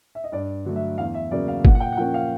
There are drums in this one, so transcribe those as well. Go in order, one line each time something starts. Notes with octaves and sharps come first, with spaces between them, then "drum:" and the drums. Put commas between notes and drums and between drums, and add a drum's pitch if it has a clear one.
E5
D#5
G2 D5
D3 F#3 A3
E5
E2 F5
E5
C#3 F#3 A#3 D5
F5
A#2 F#5, drum: kick G1
F#5
G5
F#5
F3 A#3 C#4 G5
F5